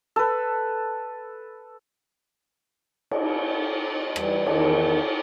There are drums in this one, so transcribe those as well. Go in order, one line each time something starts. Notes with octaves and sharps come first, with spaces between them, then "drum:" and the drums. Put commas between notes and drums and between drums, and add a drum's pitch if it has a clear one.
A4 B4
drum: cymbal
E3 G3, drum: rim click
E2 D#3, drum: cymbal